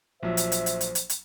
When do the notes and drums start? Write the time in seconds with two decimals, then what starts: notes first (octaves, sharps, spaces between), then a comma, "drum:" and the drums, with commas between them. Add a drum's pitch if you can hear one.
0.23 A#1 F3 F#3 C5 E5
0.37 drum: hi-hat
0.52 drum: hi-hat
0.66 drum: hi-hat
0.81 drum: hi-hat
0.95 drum: hi-hat
1.10 drum: hi-hat